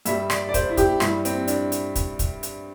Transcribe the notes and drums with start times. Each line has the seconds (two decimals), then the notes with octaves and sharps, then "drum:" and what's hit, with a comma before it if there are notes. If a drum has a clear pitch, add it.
0.05 G2 G3 E5, drum: hi-hat
0.30 D5, drum: rim click
0.49 D5
0.54 C5, drum: kick, hi-hat
0.70 E4
0.77 G4, drum: kick, hi-hat
1.00 G2 G3 E4, drum: rim click
1.25 C4, drum: hi-hat
1.48 D4, drum: hi-hat
1.72 drum: hi-hat
1.95 drum: kick, hi-hat
2.19 drum: kick, hi-hat
2.43 drum: hi-hat